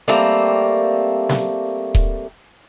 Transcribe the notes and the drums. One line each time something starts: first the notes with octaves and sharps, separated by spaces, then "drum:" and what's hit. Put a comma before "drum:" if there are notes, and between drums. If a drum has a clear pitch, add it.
G3 A3 A#3 C4, drum: hi-hat
drum: snare
drum: kick D#1